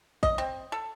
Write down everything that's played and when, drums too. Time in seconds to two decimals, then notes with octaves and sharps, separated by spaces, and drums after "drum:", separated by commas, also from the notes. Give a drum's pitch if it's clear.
0.23 D#5, drum: kick
0.38 C4
0.72 A4